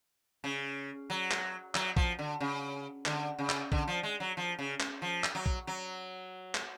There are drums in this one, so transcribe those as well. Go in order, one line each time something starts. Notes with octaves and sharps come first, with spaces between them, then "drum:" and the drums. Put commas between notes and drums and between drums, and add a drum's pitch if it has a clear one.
C#3
F#3
drum: clap
F#3, drum: clap
F3, drum: kick A#1
D3
C#3
D3, drum: clap
C#3
drum: clap
D3, drum: kick A#1
F3
G#3
F#3
F3
C#3
drum: clap
F3
drum: clap
F#3
drum: kick A#1
F#3
drum: clap